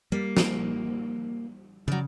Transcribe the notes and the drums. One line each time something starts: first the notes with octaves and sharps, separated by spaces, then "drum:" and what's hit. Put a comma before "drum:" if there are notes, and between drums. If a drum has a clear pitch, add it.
G3 A#3
drum: snare
C#3 F#3 D5